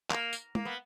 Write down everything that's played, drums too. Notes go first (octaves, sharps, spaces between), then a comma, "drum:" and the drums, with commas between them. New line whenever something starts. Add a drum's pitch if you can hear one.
A#3, drum: clap
drum: tambourine
A#3, drum: tom
B3